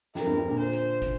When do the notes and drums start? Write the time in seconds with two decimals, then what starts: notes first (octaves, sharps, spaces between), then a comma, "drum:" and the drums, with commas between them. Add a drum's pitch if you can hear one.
0.15 F2 A#4, drum: snare
0.26 E2 G2
0.37 F2
0.48 A#2 D3
0.59 C5
0.73 drum: hi-hat
1.02 drum: kick, hi-hat